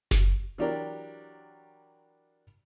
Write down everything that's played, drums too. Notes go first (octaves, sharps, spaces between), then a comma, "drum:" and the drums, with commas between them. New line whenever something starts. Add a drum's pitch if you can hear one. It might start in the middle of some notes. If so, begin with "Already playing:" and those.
drum: snare F#1
E3 F#3 D4 G4 A#4